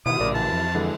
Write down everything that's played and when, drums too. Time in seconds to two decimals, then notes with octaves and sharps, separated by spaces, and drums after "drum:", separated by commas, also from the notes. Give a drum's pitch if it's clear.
0.06 B2 D#3 B3 E4 D#6, drum: cymbal
0.20 A#1 A2 C#3 E4 A#4 D5
0.35 E3 A5
0.52 F2
0.74 D3 E3 G#3 E4